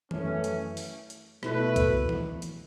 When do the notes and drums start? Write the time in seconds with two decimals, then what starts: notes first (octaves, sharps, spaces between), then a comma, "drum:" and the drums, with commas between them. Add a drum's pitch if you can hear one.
0.11 F#2 E3 A3 C#4, drum: tom D#3
0.44 drum: hi-hat
0.77 drum: open hi-hat
1.10 drum: hi-hat
1.43 B2 A3 E4 B4, drum: rim click
1.76 drum: kick B1, hi-hat
2.09 drum: tom D#3
2.42 drum: hi-hat